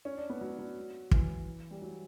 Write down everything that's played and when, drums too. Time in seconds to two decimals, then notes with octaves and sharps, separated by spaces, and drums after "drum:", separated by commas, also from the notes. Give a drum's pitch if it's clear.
0.05 C#4
0.17 D4
0.30 B3
0.41 F#3
0.59 F#3
1.11 E3, drum: kick
1.71 G3
1.82 F#3